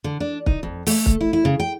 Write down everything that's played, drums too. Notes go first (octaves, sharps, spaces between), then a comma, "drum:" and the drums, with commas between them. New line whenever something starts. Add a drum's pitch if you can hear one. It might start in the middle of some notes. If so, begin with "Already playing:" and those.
D3
D4
D#4, drum: kick
F2
A3, drum: open hi-hat
drum: kick
E4
E4
C#3
G5